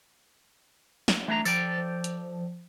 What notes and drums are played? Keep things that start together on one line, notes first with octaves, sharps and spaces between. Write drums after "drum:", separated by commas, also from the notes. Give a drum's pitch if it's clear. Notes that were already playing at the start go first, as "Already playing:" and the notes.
drum: snare
E3 A3 D4 A#5
F3 A4 D5 G5, drum: tambourine
F3
drum: hi-hat